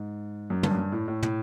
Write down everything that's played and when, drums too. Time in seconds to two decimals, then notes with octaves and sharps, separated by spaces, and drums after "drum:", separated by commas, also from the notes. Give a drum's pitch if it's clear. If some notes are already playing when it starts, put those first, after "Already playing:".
Already playing: G#2
0.50 F#2
0.63 G2, drum: tom
0.71 F#2
0.78 G2
0.92 A2
1.08 A2
1.23 A2, drum: tom